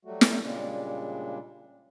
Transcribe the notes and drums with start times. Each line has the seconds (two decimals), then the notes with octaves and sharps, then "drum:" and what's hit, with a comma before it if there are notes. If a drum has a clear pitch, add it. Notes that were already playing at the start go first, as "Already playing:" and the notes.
0.05 F#3 G3 A3 F#4
0.21 drum: snare
0.43 A#2 C#3 G3 G#3 D4